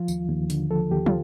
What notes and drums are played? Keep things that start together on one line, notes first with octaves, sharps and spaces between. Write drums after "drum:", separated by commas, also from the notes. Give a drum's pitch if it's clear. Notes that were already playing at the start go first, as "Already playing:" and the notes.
Already playing: F3 F4
D#2, drum: tambourine
D#2
D3, drum: hi-hat
F3 A4
D#2 G4
F4, drum: tom